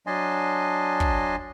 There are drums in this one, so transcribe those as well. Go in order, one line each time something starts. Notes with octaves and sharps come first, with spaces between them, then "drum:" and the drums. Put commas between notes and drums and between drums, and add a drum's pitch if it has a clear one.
F#3 D4 D#5 G#5 A5 C6
drum: kick